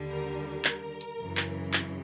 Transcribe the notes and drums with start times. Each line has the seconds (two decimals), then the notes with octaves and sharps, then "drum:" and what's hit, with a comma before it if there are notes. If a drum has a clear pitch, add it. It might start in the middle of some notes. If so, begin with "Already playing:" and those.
Already playing: D#2 D3 G3
0.10 A#4
0.46 A#4
0.65 drum: clap
1.01 drum: hi-hat
1.18 F#2 C#3 E3
1.37 drum: clap
1.73 drum: clap